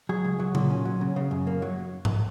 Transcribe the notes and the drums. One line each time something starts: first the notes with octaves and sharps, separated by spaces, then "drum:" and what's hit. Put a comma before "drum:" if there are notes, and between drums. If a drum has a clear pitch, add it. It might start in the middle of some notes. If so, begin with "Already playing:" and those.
F#3 G#4
C#2
F#3
A#2, drum: tom C#3
C#4
F#3
C#3
C#3
F#2
A#3
F#3
drum: tom G#2